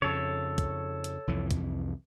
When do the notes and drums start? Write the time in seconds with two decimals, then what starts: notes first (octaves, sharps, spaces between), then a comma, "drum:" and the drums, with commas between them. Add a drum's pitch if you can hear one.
0.02 F2 C#3 A4 C#5
0.58 drum: kick, hi-hat
1.04 drum: hi-hat
1.27 C2 F2 E3
1.51 drum: kick, hi-hat